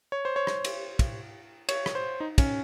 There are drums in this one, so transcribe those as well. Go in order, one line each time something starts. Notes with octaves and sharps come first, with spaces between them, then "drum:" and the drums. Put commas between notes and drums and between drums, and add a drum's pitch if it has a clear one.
C#5
C5
C#5
drum: rim click
drum: cymbal
drum: kick, cymbal
C#5, drum: cymbal
drum: rim click
C5
D#4
C#4, drum: kick, cymbal